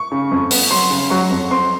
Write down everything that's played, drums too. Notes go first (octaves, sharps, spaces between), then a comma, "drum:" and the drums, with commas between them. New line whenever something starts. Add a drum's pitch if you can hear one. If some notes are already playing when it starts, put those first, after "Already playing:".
Already playing: C#6
C#3
F2
B3, drum: open hi-hat
F#3 C6
C#3
F#3 C#6
F2
C4 C6